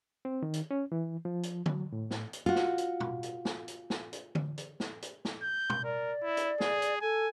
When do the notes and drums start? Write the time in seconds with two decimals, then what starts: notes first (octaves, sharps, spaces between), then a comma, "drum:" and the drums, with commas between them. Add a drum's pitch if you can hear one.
0.25 C4
0.43 D#3
0.54 drum: hi-hat
0.71 C#4
0.92 E3
1.25 F3
1.43 drum: hi-hat
1.66 F#3, drum: tom D3
1.93 A2
2.11 drum: snare
2.33 drum: hi-hat
2.46 F4 F#4
2.55 drum: snare
2.78 drum: hi-hat
3.00 drum: tom B2
3.23 drum: hi-hat
3.45 drum: snare
3.68 drum: hi-hat
3.90 drum: snare
4.13 drum: hi-hat
4.35 drum: tom D3
4.57 drum: hi-hat
4.80 drum: snare
5.02 drum: hi-hat
5.25 drum: snare
5.42 G6
5.70 drum: tom B2
5.84 A#4 D5
6.23 E4
6.37 drum: hi-hat
6.60 G#4, drum: snare
6.82 drum: hi-hat
7.01 A4 G#5